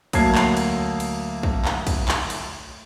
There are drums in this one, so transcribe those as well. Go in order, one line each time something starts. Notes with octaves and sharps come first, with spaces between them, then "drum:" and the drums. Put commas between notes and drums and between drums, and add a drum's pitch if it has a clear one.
D2 F#3 A#3 A5 G#6 C7, drum: kick, cymbal
drum: clap
drum: cymbal
drum: cymbal
drum: kick
drum: clap
drum: kick, cymbal
drum: clap
drum: cymbal